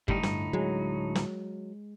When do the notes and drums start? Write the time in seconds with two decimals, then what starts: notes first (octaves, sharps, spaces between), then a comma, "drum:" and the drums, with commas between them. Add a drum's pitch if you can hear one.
0.08 D2 A2 G3 D#4, drum: kick G1
0.23 G2, drum: snare
0.53 F#3 G#3
1.15 drum: snare